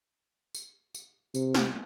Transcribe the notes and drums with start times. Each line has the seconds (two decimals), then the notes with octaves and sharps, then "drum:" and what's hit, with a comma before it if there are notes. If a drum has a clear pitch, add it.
0.55 drum: tambourine
0.95 drum: tambourine
1.35 C3, drum: tambourine
1.54 drum: snare